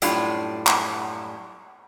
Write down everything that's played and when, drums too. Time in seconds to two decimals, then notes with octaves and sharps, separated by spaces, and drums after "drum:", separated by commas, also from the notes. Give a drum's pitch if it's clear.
0.02 F#2 A2 G3 D4 F4, drum: hi-hat
0.67 drum: clap